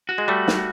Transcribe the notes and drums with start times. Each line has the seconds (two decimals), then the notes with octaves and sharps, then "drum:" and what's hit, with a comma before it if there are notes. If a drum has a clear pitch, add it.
0.09 F#4
0.18 G#3
0.28 G3 A3
0.48 drum: snare